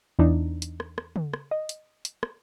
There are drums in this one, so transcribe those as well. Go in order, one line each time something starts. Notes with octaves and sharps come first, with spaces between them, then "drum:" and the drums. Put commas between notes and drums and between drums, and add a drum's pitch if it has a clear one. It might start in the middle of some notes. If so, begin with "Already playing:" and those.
E2 E3 D4 D#4
drum: hi-hat
drum: rim click
drum: rim click
drum: tom
drum: rim click
D#5
drum: hi-hat
drum: hi-hat
drum: rim click